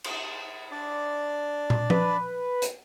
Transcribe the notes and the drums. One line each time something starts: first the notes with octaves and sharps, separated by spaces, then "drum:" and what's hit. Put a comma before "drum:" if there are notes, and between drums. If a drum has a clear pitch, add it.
drum: cymbal
D4 D5
drum: tom
B4, drum: tom F3
drum: hi-hat